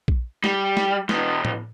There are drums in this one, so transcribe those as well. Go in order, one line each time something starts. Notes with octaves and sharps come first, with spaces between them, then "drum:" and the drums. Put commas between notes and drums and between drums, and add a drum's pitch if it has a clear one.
drum: kick A#1
G3, drum: snare
drum: snare
E2 B2, drum: snare
drum: tom A2